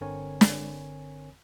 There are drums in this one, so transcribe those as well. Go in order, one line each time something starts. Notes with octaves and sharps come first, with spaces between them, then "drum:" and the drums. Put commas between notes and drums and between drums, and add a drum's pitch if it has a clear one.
G1 D3 C4 A#4 C#5 G#5
drum: snare